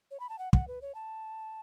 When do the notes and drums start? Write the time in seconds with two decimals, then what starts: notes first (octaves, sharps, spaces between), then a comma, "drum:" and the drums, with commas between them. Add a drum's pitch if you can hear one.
0.11 C#5
0.20 B5
0.29 A5
0.39 F#5
0.53 F#5, drum: kick
0.68 B4
0.82 C#5
0.95 A5